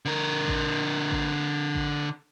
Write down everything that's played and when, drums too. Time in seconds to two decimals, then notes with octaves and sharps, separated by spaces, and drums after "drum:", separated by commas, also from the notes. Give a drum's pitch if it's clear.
0.05 D3 A#4
0.48 drum: kick A1
1.11 drum: kick A1
1.75 drum: kick A1